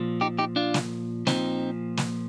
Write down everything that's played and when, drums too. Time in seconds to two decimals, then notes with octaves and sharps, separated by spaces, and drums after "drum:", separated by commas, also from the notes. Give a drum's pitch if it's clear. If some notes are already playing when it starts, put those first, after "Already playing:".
Already playing: A#2 F3
0.21 D#4 G4
0.39 D#4 G4
0.56 D4 F4
0.74 drum: snare
1.27 A#2 F3 C4 D#4, drum: snare
1.97 drum: snare